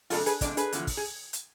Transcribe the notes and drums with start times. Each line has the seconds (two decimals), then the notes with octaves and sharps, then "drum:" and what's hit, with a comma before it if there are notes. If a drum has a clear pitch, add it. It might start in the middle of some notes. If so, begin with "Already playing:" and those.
0.10 F2 C3 G#3 D4 F4 A4, drum: open hi-hat
0.26 G#4 B4, drum: hi-hat
0.41 E2 C3 G#3 D4 D5, drum: kick, hi-hat
0.57 G#4 B4, drum: hi-hat
0.72 E2 D3 F3, drum: hi-hat
0.87 drum: kick, open hi-hat
0.97 G#4
1.33 drum: hi-hat